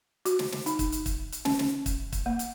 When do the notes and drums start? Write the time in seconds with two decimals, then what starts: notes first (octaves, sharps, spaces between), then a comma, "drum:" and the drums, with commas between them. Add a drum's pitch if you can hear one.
0.26 F#4, drum: hi-hat
0.39 drum: snare
0.52 drum: snare
0.66 D#4, drum: hi-hat
0.79 drum: kick, hi-hat
0.92 drum: hi-hat
1.06 drum: kick, hi-hat
1.32 drum: hi-hat
1.45 C#4, drum: snare
1.59 drum: snare
1.86 drum: kick, hi-hat
2.12 drum: kick, hi-hat
2.26 A#3
2.39 drum: hi-hat